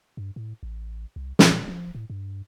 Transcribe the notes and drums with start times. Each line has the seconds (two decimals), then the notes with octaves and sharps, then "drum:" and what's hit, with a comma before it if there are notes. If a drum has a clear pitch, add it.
0.17 G2
0.36 A2
0.63 A1
1.16 C2
1.39 A#2, drum: snare
1.68 F3
1.95 A2
2.10 G2